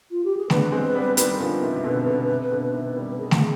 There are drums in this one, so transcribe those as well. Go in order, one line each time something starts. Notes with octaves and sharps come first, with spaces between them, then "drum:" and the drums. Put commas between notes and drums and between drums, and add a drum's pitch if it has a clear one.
F4
G4
G#4
B3 D4 B4, drum: snare A3
B3
G#3 C4
G3 B3
D#3 G3, drum: hi-hat
D3 F3 B4
C3 D#3
C3
B2 D3
C3
B2 D3
C3
B2 D3
C3 D#3
D#3 G3
B4
G#4
drum: snare A3